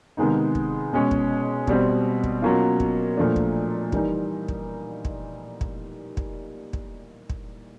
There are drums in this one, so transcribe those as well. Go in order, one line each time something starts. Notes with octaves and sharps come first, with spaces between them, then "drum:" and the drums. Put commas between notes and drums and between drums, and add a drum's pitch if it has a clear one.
C3 D#3 G#3 B3 D#4
drum: kick
B2 G#3 C#4
drum: kick
B2 G3 C4, drum: kick
drum: kick
B2 F#3 A#3 C#4 F4
drum: kick
A#2 F3 A3 D4
drum: kick
E3 G3 A#3 D#4, drum: kick
drum: kick
drum: kick
drum: kick
drum: kick
drum: kick
drum: kick